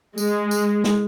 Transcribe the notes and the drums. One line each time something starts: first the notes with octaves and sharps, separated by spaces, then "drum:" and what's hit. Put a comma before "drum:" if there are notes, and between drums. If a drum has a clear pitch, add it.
G#3, drum: tambourine
drum: tambourine
drum: snare